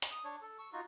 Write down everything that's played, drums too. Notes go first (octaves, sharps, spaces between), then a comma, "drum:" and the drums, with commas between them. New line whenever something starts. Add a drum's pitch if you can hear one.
drum: hi-hat
D#6
D4 C#5
A4
C#6 E6
D#4 F4 F#4